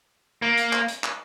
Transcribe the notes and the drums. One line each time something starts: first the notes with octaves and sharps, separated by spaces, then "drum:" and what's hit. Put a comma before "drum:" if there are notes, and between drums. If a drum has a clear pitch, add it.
A#3
drum: hi-hat
drum: clap
drum: hi-hat
drum: clap